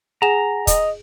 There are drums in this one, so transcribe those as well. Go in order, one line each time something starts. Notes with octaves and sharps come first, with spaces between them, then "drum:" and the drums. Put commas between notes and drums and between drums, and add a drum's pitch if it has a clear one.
G#4 F#5 G#5 A#5 A#6 E7
D#5, drum: kick, hi-hat